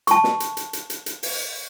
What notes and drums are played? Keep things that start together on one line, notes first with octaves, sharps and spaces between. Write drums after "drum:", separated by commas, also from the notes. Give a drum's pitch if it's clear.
A5 C#6, drum: hi-hat
drum: snare
drum: hi-hat
drum: hi-hat
drum: hi-hat
drum: hi-hat
drum: hi-hat
drum: open hi-hat